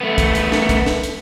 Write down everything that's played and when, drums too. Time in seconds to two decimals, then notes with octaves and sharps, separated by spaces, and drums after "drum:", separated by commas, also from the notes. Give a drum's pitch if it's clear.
0.01 A3 B3
0.18 drum: kick, hi-hat
0.35 drum: hi-hat
0.52 drum: snare
0.69 drum: kick, hi-hat
0.86 drum: snare
1.04 drum: hi-hat